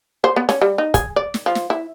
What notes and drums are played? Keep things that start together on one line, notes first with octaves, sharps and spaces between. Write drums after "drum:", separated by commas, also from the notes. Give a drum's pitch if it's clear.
C5
B3
C#4, drum: snare
G3
D#4
G#4, drum: kick, hi-hat
D5
drum: snare
F3
drum: snare
E4